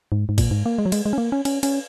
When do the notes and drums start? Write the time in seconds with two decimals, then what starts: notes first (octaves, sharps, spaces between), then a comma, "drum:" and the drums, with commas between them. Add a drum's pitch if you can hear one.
0.12 G#2
0.29 G#2
0.38 A#2, drum: kick, cymbal
0.51 G#2
0.66 A#3
0.78 G#3
0.86 F#3
0.92 G#3, drum: cymbal
1.06 G#3
1.13 C#4
1.18 A#3
1.32 C#4
1.45 C#4, drum: cymbal
1.63 C#4, drum: cymbal